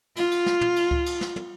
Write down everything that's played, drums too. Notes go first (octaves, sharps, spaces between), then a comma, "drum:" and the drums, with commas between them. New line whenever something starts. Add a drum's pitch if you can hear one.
F4, drum: cymbal
drum: cymbal
drum: snare
drum: tom
drum: cymbal
drum: kick C#2
drum: cymbal
drum: snare
drum: tom